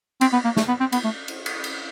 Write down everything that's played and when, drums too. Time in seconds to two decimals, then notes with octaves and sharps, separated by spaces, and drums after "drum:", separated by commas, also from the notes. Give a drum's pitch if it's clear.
0.21 C4, drum: cymbal
0.33 B3
0.45 A#3
0.57 A3, drum: snare
0.68 B3
0.80 C4
0.92 B3, drum: cymbal
1.04 A3
1.28 drum: cymbal
1.46 drum: cymbal
1.64 drum: cymbal